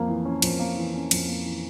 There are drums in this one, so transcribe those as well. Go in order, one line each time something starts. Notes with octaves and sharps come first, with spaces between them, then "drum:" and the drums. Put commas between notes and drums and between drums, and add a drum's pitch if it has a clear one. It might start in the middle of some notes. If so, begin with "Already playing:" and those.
Already playing: F2 A#3
E3
C#4
F2, drum: cymbal
A#3
E3
C#4
F2, drum: cymbal
A#3
E3